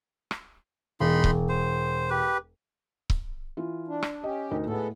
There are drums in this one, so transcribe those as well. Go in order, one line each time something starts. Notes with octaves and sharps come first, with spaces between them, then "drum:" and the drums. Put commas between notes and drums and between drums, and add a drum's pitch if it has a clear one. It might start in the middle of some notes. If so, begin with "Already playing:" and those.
drum: rim click
E1 D#4 B5 C6
drum: kick C#1
C5
G4 B4
drum: kick C#1
E3 F4
D4
drum: rim click
C#4 G4 D#5
D2 D#4 A#4
A2 G#3 B3 A4